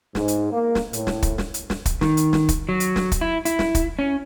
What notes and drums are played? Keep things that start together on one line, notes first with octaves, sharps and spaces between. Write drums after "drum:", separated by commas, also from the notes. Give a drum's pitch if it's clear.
G#2, drum: snare
drum: hi-hat
A#3
drum: snare
A2, drum: hi-hat
drum: snare
drum: kick, hi-hat
drum: snare
drum: hi-hat
drum: snare
drum: kick, hi-hat
D#3, drum: snare
drum: hi-hat
drum: snare
drum: kick, hi-hat
F#3
drum: hi-hat
drum: snare
drum: kick, hi-hat
E4
E4, drum: hi-hat
drum: snare
drum: kick, hi-hat
C#4